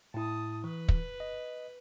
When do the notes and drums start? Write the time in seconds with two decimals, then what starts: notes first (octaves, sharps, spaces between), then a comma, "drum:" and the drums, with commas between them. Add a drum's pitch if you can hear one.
0.14 A2 E4 A5 D#6
0.64 E3 B4
0.88 drum: kick
1.20 D#5